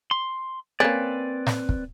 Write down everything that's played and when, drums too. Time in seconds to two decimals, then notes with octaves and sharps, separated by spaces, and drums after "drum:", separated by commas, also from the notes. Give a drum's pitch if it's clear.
0.11 C6
0.80 A#3 C4 C#4 B4 D5
1.47 drum: snare
1.69 drum: kick